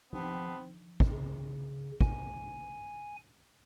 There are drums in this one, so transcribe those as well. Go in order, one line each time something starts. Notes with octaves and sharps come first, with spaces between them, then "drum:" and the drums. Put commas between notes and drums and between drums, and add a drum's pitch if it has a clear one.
B3 C4 G4 F5 A5, drum: tom F3
drum: kick
C#3
G#5, drum: kick